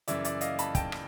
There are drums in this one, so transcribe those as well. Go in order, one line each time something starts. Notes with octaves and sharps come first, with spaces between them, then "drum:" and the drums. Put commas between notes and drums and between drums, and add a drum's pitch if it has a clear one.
F#2 C#3 E3 D5 E5, drum: hi-hat
D5 E5, drum: hi-hat
D#5 F5, drum: hi-hat
A5 B5, drum: hi-hat
G5 A5, drum: kick, hi-hat
drum: rim click